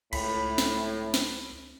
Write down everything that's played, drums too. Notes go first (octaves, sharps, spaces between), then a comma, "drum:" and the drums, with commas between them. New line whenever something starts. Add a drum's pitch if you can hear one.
C#2 A2 B5, drum: cymbal
drum: snare
drum: snare